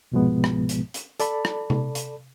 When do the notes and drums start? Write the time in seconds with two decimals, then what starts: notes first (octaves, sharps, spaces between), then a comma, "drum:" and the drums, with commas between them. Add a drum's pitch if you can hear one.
0.12 C2 G#2 B2 F3 G#3 B3
0.44 drum: rim click
0.69 drum: hi-hat
0.94 drum: hi-hat
1.20 A4 D5 A5 B5, drum: hi-hat
1.45 drum: rim click
1.70 drum: tom C3
1.95 drum: hi-hat